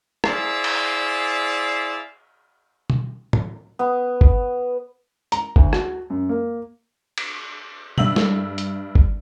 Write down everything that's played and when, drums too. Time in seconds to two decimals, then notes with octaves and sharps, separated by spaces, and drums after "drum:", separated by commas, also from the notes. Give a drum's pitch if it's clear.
0.24 E4 G#4 C5 D5 E5 F5, drum: rim click
0.64 drum: cymbal
2.90 drum: tom B2
3.33 drum: tom
3.79 B3
4.21 drum: kick G1
5.32 A#5, drum: hi-hat
5.56 D2, drum: kick G1
5.73 F#4, drum: rim click
6.10 F#2
6.29 A#3
7.18 drum: cymbal
7.98 G2 E5 E6 F#7, drum: tom B2
8.16 drum: snare
8.58 drum: hi-hat
8.95 drum: kick G1